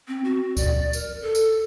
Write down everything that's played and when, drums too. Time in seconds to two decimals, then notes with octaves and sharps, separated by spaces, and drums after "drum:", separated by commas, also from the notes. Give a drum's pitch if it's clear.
0.08 C4
0.24 F#4
0.57 D5, drum: kick D2, tambourine
0.93 A#4, drum: tambourine
1.22 A4
1.35 drum: tambourine